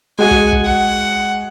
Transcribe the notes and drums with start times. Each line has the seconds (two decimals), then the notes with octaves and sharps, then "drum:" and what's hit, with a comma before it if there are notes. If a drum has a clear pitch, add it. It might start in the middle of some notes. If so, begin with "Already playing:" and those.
0.19 G#3 F#4 G#4 F#5 G#5
0.31 drum: kick
0.52 drum: kick
0.65 F#5